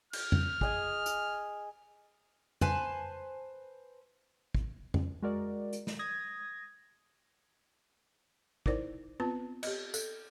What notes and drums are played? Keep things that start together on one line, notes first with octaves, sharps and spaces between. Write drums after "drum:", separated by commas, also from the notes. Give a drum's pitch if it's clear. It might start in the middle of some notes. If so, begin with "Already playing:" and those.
F6, drum: cymbal
drum: tom F2
G#4 D#5 G#5, drum: kick
drum: hi-hat
B4 C5 G#5 A5, drum: tom F2
drum: kick
drum: tom F2
G#3 F#4 A#4 D5
drum: hi-hat
drum: snare
D#6 G#6 A#6
D#4 E4 A#4 C5 D5, drum: kick
B3 C4 F4 B4 A5
G4 D#5, drum: cymbal
A4, drum: tambourine